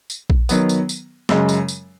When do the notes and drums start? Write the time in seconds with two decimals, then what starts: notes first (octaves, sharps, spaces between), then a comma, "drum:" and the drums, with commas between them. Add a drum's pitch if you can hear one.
0.10 drum: tambourine
0.30 drum: kick A#1
0.49 D#3 F#3 B3, drum: tambourine
0.69 drum: tambourine
0.89 drum: tambourine
1.29 F#2 C#3 G#3, drum: snare
1.49 drum: tambourine
1.68 drum: tambourine